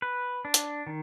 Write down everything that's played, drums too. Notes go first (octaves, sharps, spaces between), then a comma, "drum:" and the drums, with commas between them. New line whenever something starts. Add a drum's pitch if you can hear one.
B4
D4
drum: hi-hat
D#3